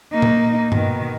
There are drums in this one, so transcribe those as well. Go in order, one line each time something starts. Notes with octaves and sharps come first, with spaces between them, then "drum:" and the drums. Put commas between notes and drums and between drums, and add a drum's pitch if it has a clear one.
A#3 D#4
drum: tom
B2 D#3, drum: tom G2